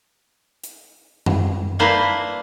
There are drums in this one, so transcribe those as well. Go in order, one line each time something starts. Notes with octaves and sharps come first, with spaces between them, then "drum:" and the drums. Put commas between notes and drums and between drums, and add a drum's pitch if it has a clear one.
drum: hi-hat
drum: tom
A#3 D4 E4 B4 C5 A#5